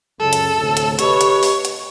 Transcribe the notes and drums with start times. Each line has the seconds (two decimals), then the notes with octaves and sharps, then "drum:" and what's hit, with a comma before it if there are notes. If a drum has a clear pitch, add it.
0.20 C#2 F#2 A4
0.33 drum: hi-hat
0.58 D2 A2 C3
0.77 drum: hi-hat
0.99 G4 B4 C#5 D#5, drum: hi-hat
1.21 drum: hi-hat
1.43 drum: open hi-hat
1.65 drum: hi-hat